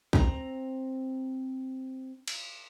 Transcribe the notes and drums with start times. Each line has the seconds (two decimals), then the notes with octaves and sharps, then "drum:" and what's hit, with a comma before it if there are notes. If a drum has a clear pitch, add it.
0.13 C4 A#5, drum: kick
2.28 drum: cymbal